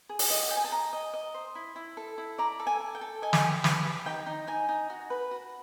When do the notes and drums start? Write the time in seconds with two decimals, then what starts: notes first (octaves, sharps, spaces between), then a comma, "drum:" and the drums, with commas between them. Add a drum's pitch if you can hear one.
0.09 G#4
0.19 drum: open hi-hat
0.30 D#5
0.43 F#5
0.51 G#4 G5
0.57 G#5
0.64 A5
0.71 D#5 A#5
0.93 D#5
1.14 D#5
1.34 C5
1.55 E4
1.76 E4
1.97 A4
2.18 E4
2.38 D5 A#5
2.60 A4
2.67 G#5
2.81 A4
2.95 G5
3.01 A4
3.22 D#5 G#5
3.33 drum: snare
3.43 G4
3.64 B4, drum: snare
3.85 G4
4.06 D#4 G5
4.26 D#4
4.47 D#4 G#5
4.69 D#4
4.90 F#4
5.10 B4
5.31 F#4